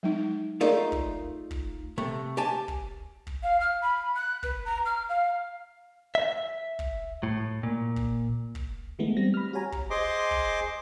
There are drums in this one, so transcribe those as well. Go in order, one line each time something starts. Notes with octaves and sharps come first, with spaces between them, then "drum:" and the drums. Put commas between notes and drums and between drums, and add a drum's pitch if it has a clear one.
F#3 G#3 D#4
A3 D#4 F4 G#4 A#4 D5
drum: kick
drum: kick
C3 A3
G4 G#5 A5
drum: kick
drum: kick
F5
F6
B5
F#6
B4, drum: kick
A#5
F6
F5
E5
drum: kick
A2
A#2
drum: kick
drum: kick
D3 E3 G#3 A3 B3
G3 C4 A#6
B5 F6
F#4 G4 C#5 G#5 A#5
drum: kick
G#4 C5 D#5 C6 D6
drum: kick